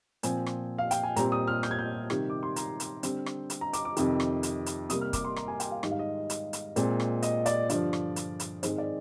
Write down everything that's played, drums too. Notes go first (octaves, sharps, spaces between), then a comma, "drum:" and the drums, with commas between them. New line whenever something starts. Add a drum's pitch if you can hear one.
A#2 F3 C4 G#5, drum: hi-hat
drum: rim click
F5
G5, drum: hi-hat
G#5
A#2 G3 C4 A#5, drum: hi-hat
D#6
F6
G6, drum: rim click
G#6
G6
C3 D#3 G3 C4, drum: rim click
D6
C6
A#5, drum: hi-hat
drum: hi-hat
D3 G3 C4, drum: hi-hat
drum: rim click
drum: hi-hat
A#5
D6, drum: hi-hat
D6
F2 C3 D#3, drum: hi-hat
drum: rim click
drum: hi-hat
drum: hi-hat
C3 G3 A#3 D#6, drum: hi-hat
F6
D6, drum: kick, hi-hat
C6
A#5, drum: rim click
G#5
G5, drum: hi-hat
F5
G#2 D#3 G3 D#5, drum: rim click
F5
D#5
drum: hi-hat
drum: hi-hat
A#2 G#3 C4, drum: hi-hat
drum: rim click
D#5, drum: hi-hat
D5, drum: hi-hat
G2 D3 F3 D5, drum: hi-hat
drum: rim click
drum: hi-hat
drum: hi-hat
G#2 D#3 G#3 C4 C5, drum: hi-hat
D5